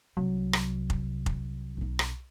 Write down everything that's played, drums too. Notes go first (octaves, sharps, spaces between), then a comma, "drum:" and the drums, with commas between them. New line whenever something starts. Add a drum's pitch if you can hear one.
C2 C3 F#3
drum: rim click
drum: kick F1
drum: kick F1
B1 D#4
drum: rim click